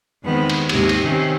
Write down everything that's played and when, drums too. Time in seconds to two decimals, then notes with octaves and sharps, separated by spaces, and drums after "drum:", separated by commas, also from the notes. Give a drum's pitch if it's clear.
0.24 E2 D#3 G#3 B3 C4
0.50 drum: cymbal
0.69 D#2 G#2 C3 D#6 A#6, drum: cymbal
0.89 drum: cymbal
1.02 C3 D#3 C4 C#4